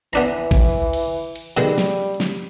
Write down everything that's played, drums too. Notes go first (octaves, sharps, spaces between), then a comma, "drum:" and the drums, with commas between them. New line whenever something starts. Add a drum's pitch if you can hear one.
E3 B3 D4 A#5
drum: kick, cymbal
drum: cymbal
drum: cymbal
B2 D#3 G3 G#3
drum: snare
drum: snare